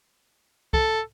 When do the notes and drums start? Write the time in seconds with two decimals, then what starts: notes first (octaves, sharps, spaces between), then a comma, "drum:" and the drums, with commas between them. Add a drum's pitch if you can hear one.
0.73 A4, drum: kick